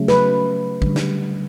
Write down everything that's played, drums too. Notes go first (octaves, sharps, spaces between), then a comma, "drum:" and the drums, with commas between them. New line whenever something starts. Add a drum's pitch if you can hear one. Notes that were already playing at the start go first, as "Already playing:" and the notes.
Already playing: C#3 F#3 A3
B4, drum: snare
D3 G3, drum: kick
drum: snare